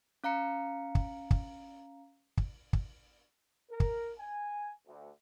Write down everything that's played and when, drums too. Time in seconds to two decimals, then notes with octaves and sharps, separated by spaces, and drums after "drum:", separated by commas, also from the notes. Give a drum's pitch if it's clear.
0.24 C#4 F5 A#5 C#7
0.95 drum: kick
1.31 drum: kick
2.37 drum: kick
2.73 drum: kick
3.70 A#4
3.80 drum: kick
4.19 G#5
4.87 D2